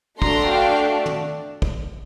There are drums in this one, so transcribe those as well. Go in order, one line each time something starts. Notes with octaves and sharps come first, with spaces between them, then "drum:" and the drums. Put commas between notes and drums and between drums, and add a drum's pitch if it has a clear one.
A3 D4 F#4 A4 A#5 C6, drum: kick
F5 G5
drum: tom
drum: kick